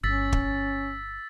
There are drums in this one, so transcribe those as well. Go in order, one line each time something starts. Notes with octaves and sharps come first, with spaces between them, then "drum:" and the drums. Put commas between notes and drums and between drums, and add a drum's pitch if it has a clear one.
G1 C#4 E6 A6 B6
drum: kick